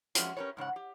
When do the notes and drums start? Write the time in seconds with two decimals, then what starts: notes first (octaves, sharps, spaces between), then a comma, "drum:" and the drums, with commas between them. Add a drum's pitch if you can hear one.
0.15 F3 G#3 C#4 F#4 E5, drum: hi-hat
0.37 C#4 G4 A#4 B4 C#5
0.57 G#2 C#3 C#5 F#5
0.76 G4